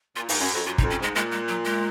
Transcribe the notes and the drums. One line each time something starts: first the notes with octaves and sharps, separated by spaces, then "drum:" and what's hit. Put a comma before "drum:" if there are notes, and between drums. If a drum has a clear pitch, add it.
A#2 F4
G#2 D#4, drum: open hi-hat
F#2 C#4
F2 F#4
F#2 F4
D#4, drum: kick
F2
C#4
G#2 G#3
A#2 G#3
G#3
F#3
G#3